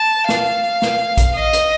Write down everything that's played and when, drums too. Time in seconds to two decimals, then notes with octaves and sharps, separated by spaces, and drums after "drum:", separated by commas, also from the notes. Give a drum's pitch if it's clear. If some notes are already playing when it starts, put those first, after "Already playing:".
Already playing: A5
0.29 F5, drum: snare
0.82 drum: snare
1.17 drum: kick A#1, hi-hat
1.35 D#5
1.53 drum: hi-hat